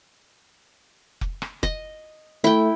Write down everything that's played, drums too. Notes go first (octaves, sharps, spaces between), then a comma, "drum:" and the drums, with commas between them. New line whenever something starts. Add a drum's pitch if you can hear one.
drum: kick F1
drum: rim click
D#5, drum: kick F1
A3 E4 G5